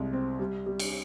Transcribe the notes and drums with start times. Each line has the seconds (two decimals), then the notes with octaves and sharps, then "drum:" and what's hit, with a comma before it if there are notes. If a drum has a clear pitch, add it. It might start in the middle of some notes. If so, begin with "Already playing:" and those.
Already playing: C2 G#3
0.13 C4
0.40 G3
0.66 G3
0.79 drum: cymbal